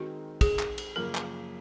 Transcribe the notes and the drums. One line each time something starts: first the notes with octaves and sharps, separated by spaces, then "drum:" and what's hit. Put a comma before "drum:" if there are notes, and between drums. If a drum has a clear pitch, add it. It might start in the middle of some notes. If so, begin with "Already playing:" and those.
Already playing: D#3 G#3 C4 D#4 F#4 A#4
G#4, drum: kick, cymbal
drum: clap
drum: cymbal
F#2 C#3 F3 A#3 A#4
drum: clap